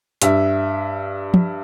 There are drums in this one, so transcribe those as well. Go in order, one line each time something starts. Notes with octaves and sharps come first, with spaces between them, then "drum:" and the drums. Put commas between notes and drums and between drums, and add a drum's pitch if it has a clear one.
G2 E5, drum: hi-hat
drum: tom